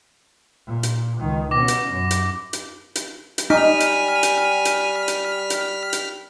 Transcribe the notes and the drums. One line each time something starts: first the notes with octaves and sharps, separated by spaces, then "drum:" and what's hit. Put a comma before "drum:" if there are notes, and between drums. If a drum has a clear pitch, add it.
A#2
drum: hi-hat
C#2 D#3
B2 C#4 D6 A#6
drum: hi-hat
F#2
drum: hi-hat
drum: hi-hat
drum: hi-hat
drum: hi-hat
G3 D#4 G#5 F6 B6
drum: hi-hat
drum: hi-hat
drum: hi-hat
drum: hi-hat
drum: hi-hat
drum: hi-hat